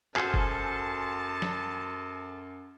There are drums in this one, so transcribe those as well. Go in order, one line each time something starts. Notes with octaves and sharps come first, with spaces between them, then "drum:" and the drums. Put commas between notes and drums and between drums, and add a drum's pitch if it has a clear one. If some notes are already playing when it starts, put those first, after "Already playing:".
F#2 F#4 G#4 A4 C5 G#5 A5 F6, drum: clap
drum: kick F#1
drum: snare